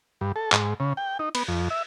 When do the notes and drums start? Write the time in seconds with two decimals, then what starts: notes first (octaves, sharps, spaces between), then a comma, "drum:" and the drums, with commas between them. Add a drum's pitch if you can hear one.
0.21 G2
0.36 A4
0.52 G#2, drum: clap
0.80 C#3
0.97 G5
1.19 D#4
1.35 B3, drum: cymbal
1.48 F2
1.70 E5